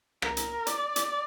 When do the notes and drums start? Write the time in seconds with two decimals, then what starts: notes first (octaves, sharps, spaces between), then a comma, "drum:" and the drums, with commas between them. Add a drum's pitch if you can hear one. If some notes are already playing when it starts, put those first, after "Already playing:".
0.22 A#4, drum: rim click
0.37 drum: hi-hat
0.67 D5, drum: hi-hat
0.96 drum: hi-hat